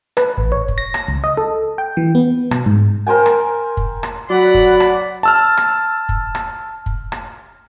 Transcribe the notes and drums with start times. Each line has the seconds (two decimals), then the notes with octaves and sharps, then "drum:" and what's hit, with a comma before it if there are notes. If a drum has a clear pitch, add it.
0.17 B4, drum: rim click
0.37 A1
0.52 C#5
0.68 drum: kick
0.78 A#6
0.94 drum: rim click
1.08 C#2
1.24 D#5
1.37 A4
1.78 G5
1.97 E3
2.15 B3
2.51 B2, drum: rim click
2.66 G#2
3.07 A#4 C5 G5 G#5
3.26 drum: rim click
3.77 drum: kick
4.03 drum: rim click
4.30 F#3 D5 F#5 B5
4.54 drum: kick
4.80 drum: rim click
5.23 A5 E6 F6
5.57 drum: rim click
6.09 drum: kick
6.35 drum: rim click
6.86 drum: kick
7.12 drum: rim click